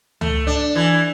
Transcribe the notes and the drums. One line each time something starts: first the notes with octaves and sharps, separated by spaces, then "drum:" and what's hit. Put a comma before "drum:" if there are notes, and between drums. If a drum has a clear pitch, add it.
A3, drum: tom C#2
D4
E3